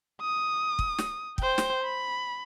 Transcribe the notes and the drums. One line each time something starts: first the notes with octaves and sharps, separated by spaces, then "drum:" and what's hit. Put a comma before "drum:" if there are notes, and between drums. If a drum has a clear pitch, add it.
D#6
drum: kick
drum: snare
C5 G5, drum: kick
drum: snare
B5